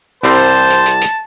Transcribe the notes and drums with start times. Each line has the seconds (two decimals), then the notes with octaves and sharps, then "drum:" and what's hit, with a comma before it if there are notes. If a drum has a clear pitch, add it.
0.23 C2 G3 C4 C5 A5, drum: open hi-hat
0.70 drum: hi-hat
0.86 drum: hi-hat
1.02 drum: hi-hat